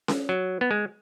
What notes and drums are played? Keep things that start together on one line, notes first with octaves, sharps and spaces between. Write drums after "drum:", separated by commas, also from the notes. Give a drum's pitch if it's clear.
drum: snare C#4
F#3
B3
G#3